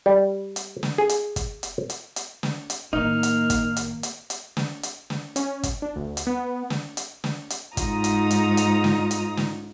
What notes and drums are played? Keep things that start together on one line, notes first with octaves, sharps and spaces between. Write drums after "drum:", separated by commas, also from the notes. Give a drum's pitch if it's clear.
G3
drum: hi-hat
drum: snare
G#4
drum: hi-hat
drum: kick, hi-hat
drum: hi-hat
drum: hi-hat
drum: hi-hat
drum: snare
drum: hi-hat
A2 D#3 A#3 D#4 F6
drum: hi-hat
drum: kick, hi-hat
drum: hi-hat
drum: hi-hat
drum: hi-hat
drum: snare
drum: hi-hat
drum: snare
C#4, drum: hi-hat
drum: kick, hi-hat
D4
D2
drum: hi-hat
B3
drum: snare
drum: hi-hat
drum: snare
drum: hi-hat
G#2 D#4 F4 A#5 D#6, drum: kick, hi-hat
drum: hi-hat
drum: hi-hat
drum: hi-hat
drum: snare
drum: hi-hat
drum: snare